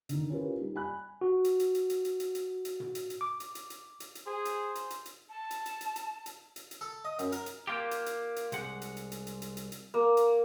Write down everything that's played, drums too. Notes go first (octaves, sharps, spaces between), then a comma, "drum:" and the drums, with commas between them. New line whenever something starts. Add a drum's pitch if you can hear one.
D3 D#3, drum: hi-hat
C#4 E4 F4 G4 A#4 B4
G3 D#4
G#5 B5 F#6
F#4
drum: hi-hat
drum: hi-hat
drum: hi-hat
drum: hi-hat
drum: hi-hat
drum: hi-hat
drum: hi-hat
drum: hi-hat
drum: tom
drum: hi-hat
drum: hi-hat
D6
drum: hi-hat
drum: hi-hat
drum: hi-hat
drum: hi-hat
drum: hi-hat
G#4 C5
drum: hi-hat
drum: hi-hat
drum: hi-hat
drum: hi-hat
A5
drum: hi-hat
drum: hi-hat
drum: hi-hat
drum: hi-hat
drum: hi-hat
drum: hi-hat
drum: hi-hat
A4
D#5
F#2, drum: hi-hat
A#4, drum: hi-hat
drum: hi-hat
A#3 F4 G4
drum: hi-hat
drum: hi-hat
drum: hi-hat
C2 G#3 F#5, drum: hi-hat
drum: hi-hat
drum: hi-hat
drum: hi-hat
drum: hi-hat
drum: hi-hat
drum: hi-hat
drum: hi-hat
A#3
drum: hi-hat